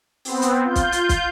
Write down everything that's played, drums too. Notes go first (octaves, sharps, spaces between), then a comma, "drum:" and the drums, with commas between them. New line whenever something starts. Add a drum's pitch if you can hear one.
B3 C4, drum: open hi-hat
drum: hi-hat
F4 G6
drum: kick, hi-hat
drum: hi-hat
drum: kick, hi-hat